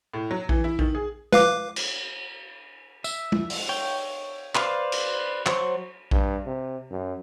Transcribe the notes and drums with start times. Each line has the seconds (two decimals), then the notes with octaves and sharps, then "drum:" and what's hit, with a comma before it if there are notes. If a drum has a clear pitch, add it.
0.14 A2
0.31 F#3
0.49 E3, drum: kick A#1
0.64 E4
0.79 D#3, drum: kick A#1
0.95 G#4
1.33 B4 F5 D6, drum: tom
1.76 drum: cymbal
3.04 E5, drum: tambourine
3.32 drum: tom
3.50 drum: open hi-hat
3.69 C#5 G5
4.55 B4 C5 D5 F5, drum: clap
4.92 drum: cymbal
5.46 F#3 C5 C#6, drum: clap
6.11 G2, drum: kick A#1
6.46 C3
6.91 F#2